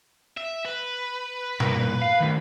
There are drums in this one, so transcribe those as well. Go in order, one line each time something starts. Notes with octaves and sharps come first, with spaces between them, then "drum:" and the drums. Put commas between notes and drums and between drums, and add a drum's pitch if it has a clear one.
E5
B4
G2 A#2 A#4, drum: tom B2
F5
D#3 A3